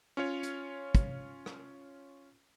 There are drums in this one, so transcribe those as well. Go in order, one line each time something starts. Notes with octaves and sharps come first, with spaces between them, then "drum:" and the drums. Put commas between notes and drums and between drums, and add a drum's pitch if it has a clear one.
C#4 F4 C#5
drum: hi-hat
drum: kick, hi-hat
drum: rim click